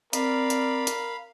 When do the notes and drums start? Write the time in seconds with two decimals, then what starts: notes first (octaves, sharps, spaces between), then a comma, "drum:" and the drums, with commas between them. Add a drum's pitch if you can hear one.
0.13 C4 A#4 D5 F5 B5, drum: hi-hat
0.50 drum: hi-hat
0.87 drum: hi-hat